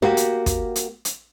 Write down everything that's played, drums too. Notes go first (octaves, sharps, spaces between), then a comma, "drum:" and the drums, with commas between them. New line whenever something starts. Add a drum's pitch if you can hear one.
A#3 F#4 G4
drum: hi-hat
drum: kick, hi-hat
drum: hi-hat
drum: hi-hat